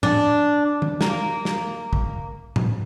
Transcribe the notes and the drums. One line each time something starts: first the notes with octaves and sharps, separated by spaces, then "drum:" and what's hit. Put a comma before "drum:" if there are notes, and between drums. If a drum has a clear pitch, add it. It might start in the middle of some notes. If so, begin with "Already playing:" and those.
D4, drum: tom A2
drum: tom
A#3, drum: snare
drum: snare
drum: kick
drum: tom A2